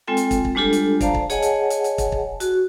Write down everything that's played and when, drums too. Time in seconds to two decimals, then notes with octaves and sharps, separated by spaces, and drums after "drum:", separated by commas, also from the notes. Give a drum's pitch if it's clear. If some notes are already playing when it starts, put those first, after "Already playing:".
0.07 G#3 C4 F4 A4 G5
0.17 drum: hi-hat
0.31 drum: kick, hi-hat
0.45 drum: kick
0.55 G3 G#3 D4 F4 G4 A4
0.73 drum: hi-hat
1.01 C5 D5 F5 A5 A#5, drum: kick, hi-hat
1.15 drum: kick
1.30 G#4 C#5 D#5 F#5 G#5 A5, drum: hi-hat
1.42 drum: hi-hat
1.70 drum: hi-hat
1.84 drum: hi-hat
1.98 drum: kick, hi-hat
2.12 drum: kick
2.40 F#4, drum: hi-hat